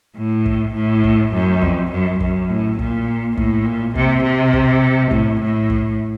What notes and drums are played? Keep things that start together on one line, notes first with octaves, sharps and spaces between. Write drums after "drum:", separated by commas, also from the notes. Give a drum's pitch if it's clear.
A2
drum: kick
A2
drum: kick
F#2
F2, drum: kick
F#2
F#2, drum: kick
A2
A#2, drum: kick
A2, drum: kick
A#2
C3, drum: kick
C3
drum: kick
A2, drum: kick
A2
drum: kick